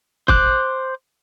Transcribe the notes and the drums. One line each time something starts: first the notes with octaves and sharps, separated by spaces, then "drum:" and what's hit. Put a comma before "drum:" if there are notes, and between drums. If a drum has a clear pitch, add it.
C5 D6 F#6, drum: kick